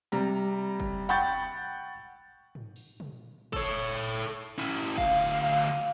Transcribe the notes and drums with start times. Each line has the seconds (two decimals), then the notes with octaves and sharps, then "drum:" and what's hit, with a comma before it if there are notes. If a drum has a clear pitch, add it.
0.12 C3 G3 A#5
0.80 drum: kick
1.09 F#5 G5 B5 C#6 G6 A6
2.55 drum: tom
2.76 drum: open hi-hat
3.00 drum: tom
3.53 A4 C#5, drum: kick
4.58 C#4 E4
4.97 D2 F5, drum: kick